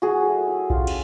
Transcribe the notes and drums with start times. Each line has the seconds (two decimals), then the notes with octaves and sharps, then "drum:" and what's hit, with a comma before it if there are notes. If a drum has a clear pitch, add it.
0.02 F#3 F#4 G#4
0.25 A3
0.47 E4
0.70 C#4 F4 G4, drum: kick A#1
0.87 drum: cymbal